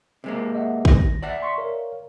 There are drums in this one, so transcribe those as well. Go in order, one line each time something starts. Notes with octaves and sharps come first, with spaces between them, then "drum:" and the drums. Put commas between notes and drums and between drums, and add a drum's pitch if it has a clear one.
C3 G#3 A#3
D#5 E5 F#5
D#3 A#6, drum: kick
D5 E5 F#5
C6 C#6 B6
A#4 C#5 F5